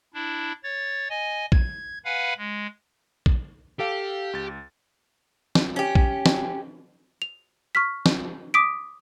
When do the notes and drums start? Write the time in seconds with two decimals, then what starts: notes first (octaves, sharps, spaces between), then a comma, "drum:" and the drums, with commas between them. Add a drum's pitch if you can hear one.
0.14 D4 E4
0.64 C#5 A6
1.10 D#5 G#5
1.52 G#6, drum: kick A#1
2.05 B4 F5 F#5 G#5 B5
2.38 G#3
3.26 drum: kick A#1
3.80 G4 A4 F5
4.33 C#2 A6
5.55 drum: snare
5.76 C#4 G4
5.95 drum: kick A#1
6.26 drum: snare
7.22 F7
7.75 C#6 F6 B6
8.06 drum: snare
8.54 D6 D#6 B6 D7